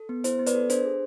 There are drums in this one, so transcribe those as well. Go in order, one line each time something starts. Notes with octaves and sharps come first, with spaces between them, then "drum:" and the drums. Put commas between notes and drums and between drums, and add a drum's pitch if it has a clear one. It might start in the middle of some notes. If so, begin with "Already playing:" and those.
Already playing: A4
B3
E4 C5, drum: hi-hat
B3
B4 D5, drum: hi-hat
A4
D4 C5, drum: hi-hat
G#4